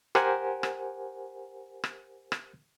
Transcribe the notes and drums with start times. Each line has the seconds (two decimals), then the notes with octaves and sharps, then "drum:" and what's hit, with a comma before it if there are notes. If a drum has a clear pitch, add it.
0.15 G4 A#4 C5 F#5 G#5, drum: rim click
0.63 drum: rim click
1.84 drum: rim click
2.32 drum: rim click